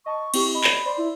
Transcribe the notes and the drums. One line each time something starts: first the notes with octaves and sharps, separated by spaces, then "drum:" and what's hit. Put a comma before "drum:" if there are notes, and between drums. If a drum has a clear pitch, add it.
D#5 A5 C#6
C4 E4 G4, drum: cymbal
D#5 B5
drum: clap
C5 D5 C6
E4